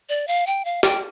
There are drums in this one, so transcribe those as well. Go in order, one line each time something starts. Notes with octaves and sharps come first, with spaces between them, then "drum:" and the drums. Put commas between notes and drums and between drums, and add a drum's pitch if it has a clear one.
D5
F5
G5
F5
G5, drum: snare